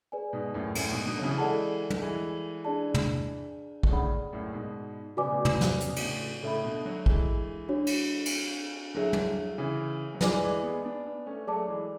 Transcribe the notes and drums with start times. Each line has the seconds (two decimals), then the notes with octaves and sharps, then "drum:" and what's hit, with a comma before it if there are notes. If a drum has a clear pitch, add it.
0.12 G#4 B4 D5 G#5
0.33 G#2 B2
0.54 F#2 A2
0.75 F#2 A2, drum: cymbal
0.90 G#2 B2
1.07 B2 D3
1.17 F#3
1.22 C#3 E3
1.38 E3 G#3 A4 D5 F#5 A5
1.90 drum: tom
2.01 E3 G#3
2.65 D4 G#4 D5 A5
2.94 drum: tom
3.83 D3, drum: kick
3.90 A2 C#3 G#4 D5 F#5 B5
4.33 F#2 A2
4.53 G#2 B2
5.17 C#3 F#4 B4 D5 G#5 D6
5.24 B2
5.30 A2 C#3
5.45 drum: tom
5.61 drum: snare
5.80 C#3, drum: hi-hat
5.88 B2
5.96 A2 C#3, drum: cymbal
6.42 A2 C#3 A4 E5 B5
6.63 B2 D3
6.85 D3 F#3
7.06 E3 G#3, drum: kick
7.69 D4 F#4 C#5
7.87 drum: cymbal
8.26 drum: cymbal
8.94 D3 F#3 E4 G#4 C#5 E5 G#5
9.13 drum: tom
9.58 C#3 E3
10.14 F#3
10.21 E3 G#3 B4 D5 G#5 D6, drum: snare
10.42 E3 G#3
10.63 G#3 B3
10.85 B3 D4
11.05 B3 D4
11.26 A3 C#4
11.47 F#3 A3 G#4 D5 A5 D6
11.68 E3 G#3